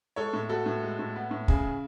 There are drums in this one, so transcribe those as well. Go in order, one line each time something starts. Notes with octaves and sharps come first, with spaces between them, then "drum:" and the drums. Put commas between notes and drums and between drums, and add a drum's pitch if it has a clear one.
G#3 A4 C#5
A2
B3 F#4 A4
A2
G#3
A2
B3
A2
C#3 G#4, drum: kick